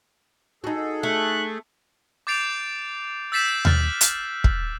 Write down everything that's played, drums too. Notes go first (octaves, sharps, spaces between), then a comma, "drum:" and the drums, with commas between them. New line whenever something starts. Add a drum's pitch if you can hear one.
D#4 F#4 G#4 A4
A3 F#6
D6 G6 A6 C7 D7 F7
E6 G6 A6 B6 C7 E7
F6 F#6 A6, drum: tom D#2
drum: hi-hat
drum: kick